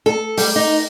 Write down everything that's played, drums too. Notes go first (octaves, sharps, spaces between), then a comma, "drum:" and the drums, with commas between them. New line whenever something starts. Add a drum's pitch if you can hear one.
A4
G3, drum: open hi-hat
D#4